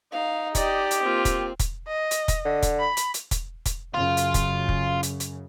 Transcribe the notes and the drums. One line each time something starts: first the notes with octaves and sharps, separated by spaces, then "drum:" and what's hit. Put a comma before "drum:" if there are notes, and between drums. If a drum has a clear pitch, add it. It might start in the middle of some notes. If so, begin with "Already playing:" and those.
D#4 F5
G4 D5 D#5, drum: kick, hi-hat
drum: hi-hat
A#3 C4 F4
drum: kick, hi-hat
drum: kick, hi-hat
D#5
drum: hi-hat
drum: kick, hi-hat
D3
drum: kick, hi-hat
B5
drum: hi-hat
drum: hi-hat
drum: kick, hi-hat
drum: kick, hi-hat
F#2 C#3 F4
drum: hi-hat
drum: kick, hi-hat
drum: kick
drum: hi-hat
drum: hi-hat